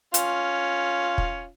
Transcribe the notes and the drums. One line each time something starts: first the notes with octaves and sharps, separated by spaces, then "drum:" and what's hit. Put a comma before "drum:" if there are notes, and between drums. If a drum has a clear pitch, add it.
C#4 F4, drum: hi-hat
drum: kick